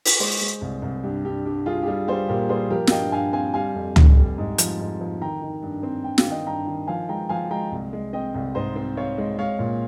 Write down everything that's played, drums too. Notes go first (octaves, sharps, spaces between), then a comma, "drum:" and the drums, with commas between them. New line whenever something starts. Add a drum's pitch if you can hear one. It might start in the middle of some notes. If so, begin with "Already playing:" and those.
drum: open hi-hat
G#3 G#4 C5
G#3
C2
C2
G2 G4
G2 G4
G2 G4
G2 F4 G#4
G4
G3 F4 G#4
G3 G#4 C5
A#2 G4 A#4
G3 G#4 C5
F3 G4 A#4
F5, drum: snare
G2 D#5 G5
G2 F5 G#5
C4 F5 G#5
G3 F5 G#5
F2
F1, drum: tom C#2
G3
G#2
F3, drum: hi-hat
G#2
F3
D#3 G5 A#5
D#3
G2
C4
G2 G5
F5, drum: snare
D#3 D#5 G5
G2 G5 A#5
D#3
F3 F5 G#5
G#3 G5 A#5
F3 F5 G#5
G#3 G5 A#5
C2
G#3
C4 D#5 G5
C2
G#2 C5 D#5
C4
C4 C#5 F5
G#3
G#3 C#5 F5
A#2